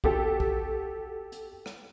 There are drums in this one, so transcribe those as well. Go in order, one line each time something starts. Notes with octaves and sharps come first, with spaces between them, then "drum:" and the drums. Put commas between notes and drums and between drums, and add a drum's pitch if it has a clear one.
F#4 G4 A4, drum: kick
drum: kick
drum: hi-hat
drum: rim click